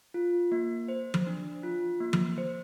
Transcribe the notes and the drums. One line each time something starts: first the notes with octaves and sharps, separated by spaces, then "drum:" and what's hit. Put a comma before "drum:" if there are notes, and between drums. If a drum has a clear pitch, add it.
F4
A#3
C5
drum: tom F3
D4
F4
A#3
drum: tom F3
C5